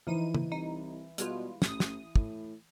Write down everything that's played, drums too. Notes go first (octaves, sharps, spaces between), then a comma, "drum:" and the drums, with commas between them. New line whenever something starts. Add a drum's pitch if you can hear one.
E3 F3 D#4 D#7
drum: tom
C2 D#4
B2 G3 G#3 F4, drum: hi-hat
A1 D#6, drum: snare
drum: snare
A2, drum: kick